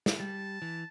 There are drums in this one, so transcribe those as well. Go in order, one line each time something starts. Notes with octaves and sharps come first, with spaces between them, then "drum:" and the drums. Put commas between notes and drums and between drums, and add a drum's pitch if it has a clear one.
drum: snare
G3 A5
E3